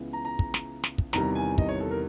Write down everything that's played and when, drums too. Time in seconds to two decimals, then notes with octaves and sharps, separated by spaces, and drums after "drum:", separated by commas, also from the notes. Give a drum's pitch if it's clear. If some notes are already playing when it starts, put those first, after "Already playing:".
Already playing: C#2 C#3 E3 G#3 B3
0.13 A#5
0.25 A#5
0.39 drum: kick
0.54 drum: snare
0.84 drum: snare
0.98 drum: kick
1.13 E2 C3 D#3 G3 A#5, drum: snare
1.35 G#5
1.58 D#5, drum: kick
1.69 C#5
1.80 A4
1.91 A#4